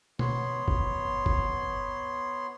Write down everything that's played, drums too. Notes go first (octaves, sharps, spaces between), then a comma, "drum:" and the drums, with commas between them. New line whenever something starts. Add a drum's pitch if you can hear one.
B3 C#5 C6, drum: tom
drum: kick
drum: kick